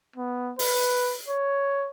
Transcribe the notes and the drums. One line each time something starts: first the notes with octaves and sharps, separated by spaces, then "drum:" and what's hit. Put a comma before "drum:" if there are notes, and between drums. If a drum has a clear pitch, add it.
B3
B4, drum: open hi-hat
C#5